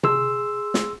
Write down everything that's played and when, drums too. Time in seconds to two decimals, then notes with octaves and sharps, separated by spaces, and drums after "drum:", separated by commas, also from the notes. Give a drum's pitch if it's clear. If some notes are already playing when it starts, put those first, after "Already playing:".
0.03 G#4 C6 E6, drum: tom C3
0.74 drum: snare